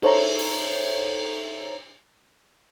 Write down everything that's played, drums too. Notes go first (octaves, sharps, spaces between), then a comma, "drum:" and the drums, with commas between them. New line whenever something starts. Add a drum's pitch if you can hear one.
D#4 A4 C5 C#5 E5 A#5, drum: cymbal
drum: open hi-hat